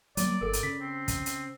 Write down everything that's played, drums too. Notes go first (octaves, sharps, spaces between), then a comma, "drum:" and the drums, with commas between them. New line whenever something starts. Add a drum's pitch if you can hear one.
F#3 G3 A#3 D5, drum: hi-hat
G1 A4 A#4
drum: hi-hat
C#3 B6
C4
drum: kick, hi-hat
drum: hi-hat